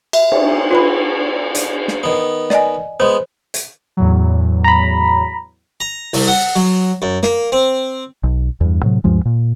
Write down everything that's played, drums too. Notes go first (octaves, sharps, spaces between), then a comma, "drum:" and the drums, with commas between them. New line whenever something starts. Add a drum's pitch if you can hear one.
E5, drum: cymbal
drum: cymbal
F4 B4 B5
drum: hi-hat
drum: snare
D#3 B3
D5 D#5 G#5, drum: snare
G#3 B3 C5
drum: hi-hat
E2 A2 F#3
A#5 B5
A#5
C2, drum: open hi-hat
F#5
F#3
F#2
A#3, drum: snare
C4
B1
E2 G2
A2 C3 F#3
D2 G2 F3 G#3
A#2